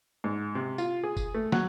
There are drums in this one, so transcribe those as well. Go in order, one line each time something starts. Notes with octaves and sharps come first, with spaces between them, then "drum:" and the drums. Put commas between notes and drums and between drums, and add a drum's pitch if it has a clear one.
G#2
C3
F4, drum: tambourine
G#4
drum: kick F1, tambourine
A3
F#3, drum: snare